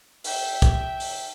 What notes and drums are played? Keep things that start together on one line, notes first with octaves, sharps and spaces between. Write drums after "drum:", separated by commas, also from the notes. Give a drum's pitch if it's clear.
E5 G5, drum: open hi-hat
drum: kick, hi-hat
drum: open hi-hat